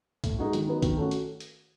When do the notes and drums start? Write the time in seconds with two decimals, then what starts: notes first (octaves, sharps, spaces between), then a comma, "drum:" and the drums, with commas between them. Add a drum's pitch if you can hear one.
0.24 A2, drum: kick A#1, hi-hat
0.39 G#3 D#4 F#4
0.53 D#3, drum: hi-hat
0.67 F#3 B3 D#4
0.82 D#3, drum: kick A#1, hi-hat
0.97 A3 C#4 F#4
1.11 drum: hi-hat
1.40 drum: hi-hat